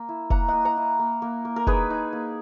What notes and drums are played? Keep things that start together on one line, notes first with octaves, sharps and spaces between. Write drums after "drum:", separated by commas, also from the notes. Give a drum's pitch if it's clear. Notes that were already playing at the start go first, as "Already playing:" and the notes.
Already playing: A#3
E4
A#3 F#5 A#5, drum: kick F1
A#3 D#5 F#5
F#5 A#5
E4
A#3
A#3
A#3
A#4
D#4 G#4 B4, drum: kick F1
D#4
A#3